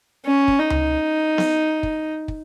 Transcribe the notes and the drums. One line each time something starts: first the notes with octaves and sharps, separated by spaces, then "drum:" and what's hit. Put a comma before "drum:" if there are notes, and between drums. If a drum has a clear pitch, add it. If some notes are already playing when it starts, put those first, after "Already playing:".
C#4
drum: kick
D#4
drum: tom C#2
drum: snare B3
drum: kick
drum: kick